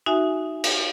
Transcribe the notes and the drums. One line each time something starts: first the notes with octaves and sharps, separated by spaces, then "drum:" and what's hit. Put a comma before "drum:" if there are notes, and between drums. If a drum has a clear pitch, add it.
D#4 F#4 E5 G#5
drum: cymbal